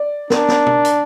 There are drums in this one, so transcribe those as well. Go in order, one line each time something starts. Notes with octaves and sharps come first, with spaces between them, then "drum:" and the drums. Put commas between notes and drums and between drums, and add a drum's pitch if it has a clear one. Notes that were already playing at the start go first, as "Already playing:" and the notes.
Already playing: D5
D4 A#4, drum: snare
drum: snare
drum: tom B2
drum: hi-hat